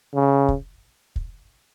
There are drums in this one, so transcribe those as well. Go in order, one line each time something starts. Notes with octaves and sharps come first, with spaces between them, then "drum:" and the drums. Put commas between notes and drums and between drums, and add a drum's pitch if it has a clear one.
C#3
drum: kick
drum: kick